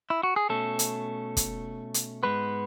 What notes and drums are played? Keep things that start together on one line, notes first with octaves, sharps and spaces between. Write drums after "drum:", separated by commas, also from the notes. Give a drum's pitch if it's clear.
E4
F#4
G#4
B2 A3 C#4 A4
drum: hi-hat
drum: kick, hi-hat
drum: hi-hat
G#2 G#3 B3 B4